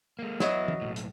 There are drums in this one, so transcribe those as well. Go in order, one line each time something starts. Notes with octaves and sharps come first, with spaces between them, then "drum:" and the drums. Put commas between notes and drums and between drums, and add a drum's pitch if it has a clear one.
G#3 A#3
F#3 B3 E4 D#5, drum: snare
drum: tom E3
B1 A2
drum: hi-hat